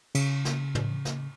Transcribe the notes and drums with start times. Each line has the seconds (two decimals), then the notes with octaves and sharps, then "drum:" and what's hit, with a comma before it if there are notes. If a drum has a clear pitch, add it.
0.15 C#3, drum: cymbal
0.45 drum: snare
0.75 drum: tom
1.05 drum: snare